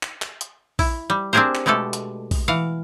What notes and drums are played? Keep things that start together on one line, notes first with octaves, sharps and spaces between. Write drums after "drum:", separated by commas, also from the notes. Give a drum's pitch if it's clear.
drum: clap
drum: clap
drum: hi-hat
E4, drum: kick A#1, open hi-hat
G3
C4 D4 G4 G#4 A#4 C5
drum: clap
B2 G#3 A3 G4 A4
drum: hi-hat
drum: kick A#1, open hi-hat
E3 F5 F#5